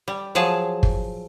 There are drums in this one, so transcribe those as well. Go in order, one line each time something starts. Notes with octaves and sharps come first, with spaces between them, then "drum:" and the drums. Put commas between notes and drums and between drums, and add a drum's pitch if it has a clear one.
G3
F3 F#3 G#4 A5
drum: kick